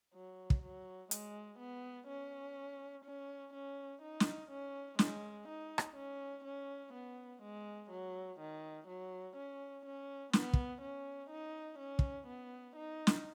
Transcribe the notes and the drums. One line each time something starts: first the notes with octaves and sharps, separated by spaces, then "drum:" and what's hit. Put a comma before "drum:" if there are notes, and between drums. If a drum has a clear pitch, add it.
F#3
drum: kick
F#3
G#3, drum: hi-hat
B3
C#4
C#4
C#4
D#4
drum: snare
C#4
G#3, drum: snare
D#4
drum: rim click
C#4
C#4
B3
G#3
F#3
D#3
F#3
C#4
C#4
B3, drum: snare
drum: kick
C#4
D#4
C#4
drum: kick
B3
D#4
drum: snare